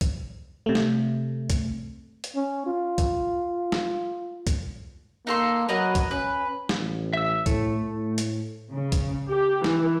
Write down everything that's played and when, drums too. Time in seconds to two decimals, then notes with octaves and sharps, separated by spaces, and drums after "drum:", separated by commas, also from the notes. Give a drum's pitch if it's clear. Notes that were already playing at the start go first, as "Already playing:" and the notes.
0.01 drum: kick, hi-hat
0.66 C3 A3
0.75 drum: snare
1.50 drum: kick, hi-hat
2.24 drum: hi-hat
2.36 C#4
2.67 F4
2.98 drum: kick, hi-hat
3.72 drum: snare
4.47 drum: kick, hi-hat
5.27 A#3 D#4 A4 C6
5.69 F#3 A#4 B4 D#5
5.95 drum: kick, hi-hat
6.11 C#4 B4
6.69 drum: snare
6.78 A1
7.13 E5 E6
7.46 A2 A3, drum: kick, hi-hat
7.83 A2
8.18 drum: hi-hat
8.71 C#3
8.92 drum: kick, hi-hat
9.29 G4
9.64 E3, drum: snare